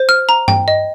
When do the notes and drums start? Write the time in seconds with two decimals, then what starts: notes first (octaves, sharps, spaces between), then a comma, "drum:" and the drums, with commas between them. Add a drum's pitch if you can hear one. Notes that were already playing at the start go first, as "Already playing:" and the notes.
Already playing: C5
0.09 F6
0.29 A#5
0.48 G5, drum: tom G2
0.68 D#5